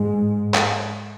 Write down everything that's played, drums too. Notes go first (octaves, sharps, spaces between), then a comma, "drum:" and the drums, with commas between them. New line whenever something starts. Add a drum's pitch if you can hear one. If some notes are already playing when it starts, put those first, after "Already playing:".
Already playing: G#2 G#3
drum: clap